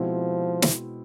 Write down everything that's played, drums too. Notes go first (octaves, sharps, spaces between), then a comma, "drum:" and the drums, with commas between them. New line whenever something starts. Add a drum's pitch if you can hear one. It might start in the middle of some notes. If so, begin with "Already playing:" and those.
Already playing: B2 F3 G#3 C4 E4
drum: snare